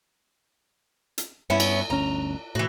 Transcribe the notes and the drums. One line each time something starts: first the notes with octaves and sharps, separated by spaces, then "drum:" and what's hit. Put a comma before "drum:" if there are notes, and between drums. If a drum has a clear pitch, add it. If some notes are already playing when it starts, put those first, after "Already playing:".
drum: hi-hat
G2 B3 C#4 E4
drum: cymbal
G1 D2 C#4 A#5
A2 E3 F#4